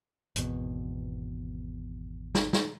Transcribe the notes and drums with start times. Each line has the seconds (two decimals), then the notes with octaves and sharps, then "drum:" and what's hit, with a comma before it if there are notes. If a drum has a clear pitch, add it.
0.36 G#1 E2 B2, drum: hi-hat
2.35 drum: snare
2.53 drum: snare